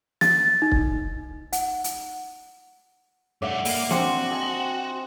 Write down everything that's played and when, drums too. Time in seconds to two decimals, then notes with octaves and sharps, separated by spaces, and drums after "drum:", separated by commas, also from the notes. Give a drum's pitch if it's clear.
0.21 A6, drum: snare
0.62 D#4
0.72 drum: kick C#1
1.53 F#5, drum: hi-hat
1.84 drum: hi-hat
3.42 G2 A3 D5 E5 F#5
3.65 A#3, drum: open hi-hat
3.91 C4 D4 F#4, drum: snare
4.31 D#5 G#5 A5